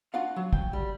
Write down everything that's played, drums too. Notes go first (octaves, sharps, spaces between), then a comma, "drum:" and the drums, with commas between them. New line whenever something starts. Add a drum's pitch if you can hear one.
D4 F4 F#4 F5
F#3
G5, drum: kick
G3